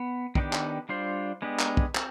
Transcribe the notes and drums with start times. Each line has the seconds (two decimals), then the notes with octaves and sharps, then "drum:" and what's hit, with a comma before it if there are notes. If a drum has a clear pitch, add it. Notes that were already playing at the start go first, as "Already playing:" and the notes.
Already playing: B3
0.35 D#3 B3 D4 G4, drum: kick
0.53 drum: clap
0.89 G3 D4 F4 C5
1.42 G#3 B3 D4 G4
1.60 drum: clap
1.77 drum: kick
1.95 C4, drum: clap